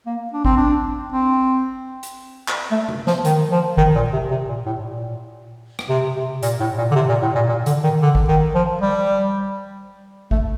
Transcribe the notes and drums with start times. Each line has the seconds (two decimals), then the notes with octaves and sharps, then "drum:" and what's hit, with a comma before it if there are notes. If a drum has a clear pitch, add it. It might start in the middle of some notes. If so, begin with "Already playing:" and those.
0.06 A#3
0.33 D4
0.45 C4, drum: kick G#1
0.57 D4
1.12 C4
2.03 drum: hi-hat
2.48 drum: clap
2.71 A3
2.88 drum: tom C3
3.07 F3, drum: snare
3.25 D#3, drum: hi-hat
3.51 F3
3.77 D#3, drum: kick G#1
3.95 A#2
4.13 C3
4.31 C3
4.48 A#2
4.66 A2
4.84 A#2
5.79 drum: rim click
5.90 C3
6.16 C3
6.43 A#2, drum: hi-hat
6.60 A2
6.78 A#2
6.91 D3
6.95 C3
7.09 A#2
7.22 A2
7.35 A#2
7.49 A#2
7.66 D3, drum: hi-hat
7.83 D#3
8.02 D3
8.15 drum: kick G#1
8.28 D#3
8.55 F3
8.81 G3
10.31 A3, drum: kick G#1